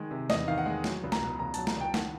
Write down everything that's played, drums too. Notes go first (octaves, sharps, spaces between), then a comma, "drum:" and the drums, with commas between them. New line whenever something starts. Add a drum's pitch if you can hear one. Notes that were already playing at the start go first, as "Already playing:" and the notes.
Already playing: D#3 G#3
C3
E2 D#5, drum: snare
D#3 F5
F#5
G#3
F#3, drum: snare
C#2
A#5, drum: snare
B2
C#2 A#5
F#3 A5, drum: hi-hat
A#5, drum: snare
C#2 G5
D#3 F#5, drum: snare